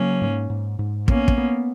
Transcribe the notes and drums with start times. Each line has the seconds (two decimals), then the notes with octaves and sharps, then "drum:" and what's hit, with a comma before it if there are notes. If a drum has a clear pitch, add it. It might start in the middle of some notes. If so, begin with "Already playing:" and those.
Already playing: C#3 F#3 A#3 C#4
0.22 G#2
0.50 G#2
0.79 G#2
1.08 A#3 B3 C#4, drum: kick
1.28 drum: kick
1.38 B3